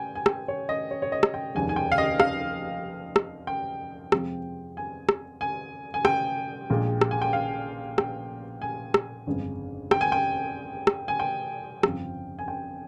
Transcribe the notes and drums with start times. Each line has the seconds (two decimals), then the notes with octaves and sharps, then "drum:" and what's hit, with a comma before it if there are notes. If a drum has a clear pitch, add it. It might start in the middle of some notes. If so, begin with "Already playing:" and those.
Already playing: G5 G#5
0.15 G#5
0.26 G5, drum: rim click
0.48 C#5
0.69 D#5
0.91 C#5
1.02 C#5
1.12 D#5
1.23 drum: rim click
1.34 G5
1.55 F1 D#2 C#3 G#3 G#5
1.69 G#5
1.76 G5
1.92 F5
1.98 D#5
2.20 F5, drum: rim click
3.16 drum: rim click
3.47 G5
4.12 F2 C3 F3 G#3, drum: rim click
4.77 G#5
5.09 drum: rim click
5.41 G#5
5.94 G#5
6.05 G5, drum: rim click
6.70 A#1 A#2 G#3
7.01 drum: rim click
7.11 G#5
7.22 G5
7.33 F5
7.98 G5, drum: rim click
8.62 G#5
8.94 drum: rim click
9.27 G1 F2 C#3 G#3
9.91 G5, drum: rim click
10.01 G#5
10.12 G5
10.87 drum: rim click
11.08 G#5
11.20 G5
11.83 G1 F2 C#3 F3, drum: rim click
12.39 G#5
12.48 G5